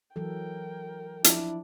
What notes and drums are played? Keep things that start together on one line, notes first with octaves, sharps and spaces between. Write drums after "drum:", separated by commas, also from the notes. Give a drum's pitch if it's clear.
E3 F#3 A4 A#4 G5
F3 D4 E4, drum: hi-hat